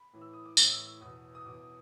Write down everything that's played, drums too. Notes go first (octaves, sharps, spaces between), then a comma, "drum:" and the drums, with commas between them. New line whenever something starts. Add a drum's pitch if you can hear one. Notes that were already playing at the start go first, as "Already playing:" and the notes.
Already playing: B5
A2 E3
E6
D#6
D6
A2 E3 C#6, drum: tambourine
E6
E6
E2 B2 D#6
D#6
E2 B2 D6